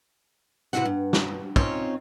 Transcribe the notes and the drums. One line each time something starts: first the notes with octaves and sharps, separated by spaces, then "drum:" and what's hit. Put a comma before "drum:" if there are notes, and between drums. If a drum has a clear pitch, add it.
C3 E3 G#3 E4 F#4 F#5
G2
drum: snare
C4 C#4 D#4 F4 C#5, drum: kick